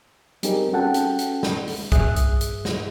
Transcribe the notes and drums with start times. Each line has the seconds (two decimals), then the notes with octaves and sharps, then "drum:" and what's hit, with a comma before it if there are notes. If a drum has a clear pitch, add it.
0.43 G3 C4 D#4 G4 G#4 A#4, drum: hi-hat
0.73 C#4 F#4 A4 F#5 G5 A5
0.94 drum: hi-hat
1.19 drum: hi-hat
1.43 drum: snare
1.67 drum: open hi-hat
1.92 G2 G#4 E5 D#6 F#6, drum: kick B1, hi-hat
2.16 drum: hi-hat
2.41 drum: hi-hat
2.65 drum: snare